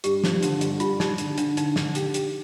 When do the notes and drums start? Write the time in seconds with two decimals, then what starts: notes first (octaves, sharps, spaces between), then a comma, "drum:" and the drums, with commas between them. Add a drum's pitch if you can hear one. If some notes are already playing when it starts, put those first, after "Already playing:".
0.04 G2 G4, drum: hi-hat
0.24 F3, drum: snare
0.43 D3, drum: hi-hat
0.61 G2, drum: hi-hat
0.80 G3 F4, drum: hi-hat
1.00 G3 D#4, drum: snare
1.18 D3, drum: hi-hat
1.38 D3 D4, drum: hi-hat
1.57 D3 D#4, drum: hi-hat
1.76 D3, drum: snare
1.95 G4, drum: hi-hat
2.14 G4, drum: hi-hat